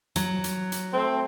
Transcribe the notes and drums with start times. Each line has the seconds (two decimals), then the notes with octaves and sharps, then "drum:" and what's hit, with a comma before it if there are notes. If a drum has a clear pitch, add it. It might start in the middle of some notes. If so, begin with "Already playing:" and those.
0.16 F#3, drum: hi-hat
0.44 drum: hi-hat
0.72 drum: hi-hat
0.93 A3 C4